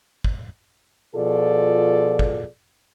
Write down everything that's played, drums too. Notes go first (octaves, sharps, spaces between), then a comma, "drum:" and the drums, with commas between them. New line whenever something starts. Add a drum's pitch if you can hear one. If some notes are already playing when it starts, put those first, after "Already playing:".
drum: kick
B2 F3 F4 G#4 A4 D5
drum: kick